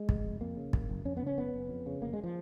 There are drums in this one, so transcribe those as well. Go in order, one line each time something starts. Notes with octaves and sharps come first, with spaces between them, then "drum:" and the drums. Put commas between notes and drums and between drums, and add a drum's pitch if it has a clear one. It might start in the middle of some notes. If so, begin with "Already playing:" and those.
Already playing: G#3
F1, drum: kick
F1
F2 A#3
C#3
F#1, drum: kick
F#1
F2 C#4
B3
C#3 C#4
F#1 B3
F#1
F2
C#3
F1 A#3
G#3
F3